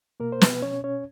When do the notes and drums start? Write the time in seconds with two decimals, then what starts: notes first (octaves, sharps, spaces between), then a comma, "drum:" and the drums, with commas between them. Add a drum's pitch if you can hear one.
0.20 B2 A#3 A#4
0.32 C5
0.41 B3 B4, drum: snare
0.62 C#4 C#5
0.84 C#4 C#5